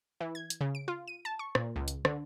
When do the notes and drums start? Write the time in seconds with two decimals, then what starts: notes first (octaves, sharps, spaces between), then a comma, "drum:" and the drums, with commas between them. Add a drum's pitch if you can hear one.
0.20 E3
0.35 G#6
0.50 drum: hi-hat
0.61 C#3
0.75 D7
0.88 F4
1.08 D#7
1.25 A5
1.39 C#6
1.55 A#2, drum: rim click
1.76 C#2
1.88 drum: hi-hat
2.05 D3, drum: rim click